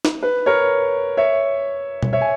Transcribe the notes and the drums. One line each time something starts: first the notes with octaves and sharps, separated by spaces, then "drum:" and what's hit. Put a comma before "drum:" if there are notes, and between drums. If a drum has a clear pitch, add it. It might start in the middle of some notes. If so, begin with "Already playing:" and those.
drum: snare
B4
A#4 C#5
C#5 E5
drum: tom B2
C#5 E5
G#5